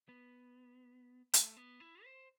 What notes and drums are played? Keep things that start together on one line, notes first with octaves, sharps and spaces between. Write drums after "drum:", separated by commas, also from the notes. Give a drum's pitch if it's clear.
B3
A3, drum: hi-hat
B3
E4
C5